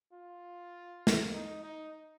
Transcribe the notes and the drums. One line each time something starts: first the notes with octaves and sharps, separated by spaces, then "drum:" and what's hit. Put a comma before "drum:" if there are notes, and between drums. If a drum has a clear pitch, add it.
F4
drum: snare
D#4
D#4